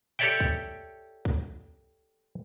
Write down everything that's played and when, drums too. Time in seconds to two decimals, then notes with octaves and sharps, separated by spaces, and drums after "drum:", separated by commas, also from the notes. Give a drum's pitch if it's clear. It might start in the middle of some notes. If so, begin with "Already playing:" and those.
0.19 G4 A4 C#5 D5 E5 G5
0.40 drum: kick C2
1.25 drum: kick C2